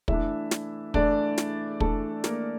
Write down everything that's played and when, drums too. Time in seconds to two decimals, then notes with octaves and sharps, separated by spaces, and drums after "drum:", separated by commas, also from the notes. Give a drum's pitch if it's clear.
0.08 E3 A3 D4 E4 E5, drum: kick
0.51 drum: snare
0.94 E3 A3 D4 D5, drum: kick
1.38 drum: snare
1.80 E3 A3 D4 A4, drum: kick
2.24 A#3 A#4, drum: snare